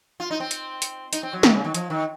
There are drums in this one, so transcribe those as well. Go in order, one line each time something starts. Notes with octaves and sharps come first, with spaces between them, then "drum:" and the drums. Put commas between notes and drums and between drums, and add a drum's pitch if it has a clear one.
F4
D#4
C4
drum: hi-hat
drum: hi-hat
D#4, drum: hi-hat
C4
F#3
D#3, drum: snare
C#3
D#3
F3, drum: hi-hat
D#3